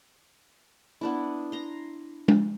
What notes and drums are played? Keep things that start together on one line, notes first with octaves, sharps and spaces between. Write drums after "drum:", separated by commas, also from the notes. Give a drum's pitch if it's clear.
B3 D4 E4
A#5 C6
drum: tom G#3